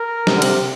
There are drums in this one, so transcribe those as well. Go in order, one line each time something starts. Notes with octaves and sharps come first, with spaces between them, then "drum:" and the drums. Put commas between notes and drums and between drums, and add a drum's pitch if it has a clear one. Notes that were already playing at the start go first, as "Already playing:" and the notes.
Already playing: A#4
C3, drum: snare
D3
C3, drum: cymbal